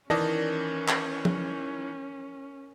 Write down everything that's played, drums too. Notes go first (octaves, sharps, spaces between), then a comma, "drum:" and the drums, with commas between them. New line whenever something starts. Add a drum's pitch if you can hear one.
D#3 E3 C#4 A#4 D5 A5 D#6 A#6
drum: clap
drum: tom